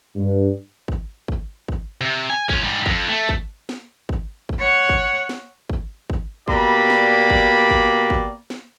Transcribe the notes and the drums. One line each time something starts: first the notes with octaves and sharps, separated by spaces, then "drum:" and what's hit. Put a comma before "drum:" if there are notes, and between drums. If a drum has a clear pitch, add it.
G2
drum: kick
drum: kick
drum: kick
C3
G#5
C#4 F4, drum: kick
G#2 G3
F2, drum: kick
A3
drum: kick
drum: snare
drum: kick
drum: kick
C#5 F#5
drum: kick
drum: snare
drum: kick
drum: kick
B2 A#3 G4 D5 B5, drum: kick
drum: snare
drum: kick
drum: kick
drum: kick
drum: snare